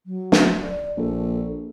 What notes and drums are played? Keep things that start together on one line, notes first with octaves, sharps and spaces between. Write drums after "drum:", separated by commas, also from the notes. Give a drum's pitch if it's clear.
F#3
drum: snare
D5
A#1 A4